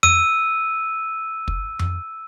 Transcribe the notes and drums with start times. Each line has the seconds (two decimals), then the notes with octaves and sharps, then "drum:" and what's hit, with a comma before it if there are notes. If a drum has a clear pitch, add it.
0.03 E6 D#7, drum: tom F2
1.48 drum: kick
1.79 drum: tom F2